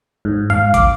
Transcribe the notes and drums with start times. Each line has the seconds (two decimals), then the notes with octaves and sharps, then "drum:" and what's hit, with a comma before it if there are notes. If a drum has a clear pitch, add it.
0.25 G#2
0.50 F5, drum: tom F2
0.74 D6, drum: kick, hi-hat